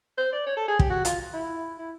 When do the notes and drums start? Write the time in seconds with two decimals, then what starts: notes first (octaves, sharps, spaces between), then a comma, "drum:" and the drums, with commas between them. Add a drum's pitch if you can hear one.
0.18 C5
0.32 D5
0.47 C#5
0.57 A4
0.68 G#4
0.79 G4, drum: kick
0.90 F#4
1.05 F4, drum: hi-hat
1.34 E4
1.78 E4